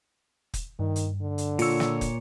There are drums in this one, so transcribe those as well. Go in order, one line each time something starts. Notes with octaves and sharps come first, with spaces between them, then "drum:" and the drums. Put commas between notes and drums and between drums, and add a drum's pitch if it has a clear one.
drum: kick, hi-hat
G2 D#3
drum: hi-hat
D3
drum: hi-hat
A#2 F4 C#5 E6, drum: open hi-hat
drum: snare
drum: kick, hi-hat